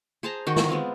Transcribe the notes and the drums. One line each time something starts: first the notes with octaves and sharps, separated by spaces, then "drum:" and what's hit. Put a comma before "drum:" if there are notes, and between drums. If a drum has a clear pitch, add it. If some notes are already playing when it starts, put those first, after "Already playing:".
G#4 C5 A5 A#5
D#3 F#4 C5 G5
drum: snare
G#3 B3 C4 F4